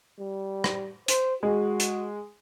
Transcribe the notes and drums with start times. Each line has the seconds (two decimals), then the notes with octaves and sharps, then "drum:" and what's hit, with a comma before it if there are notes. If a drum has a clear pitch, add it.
0.19 G3
0.64 drum: rim click
1.08 C5, drum: hi-hat
1.43 G#3 F#4
1.80 drum: hi-hat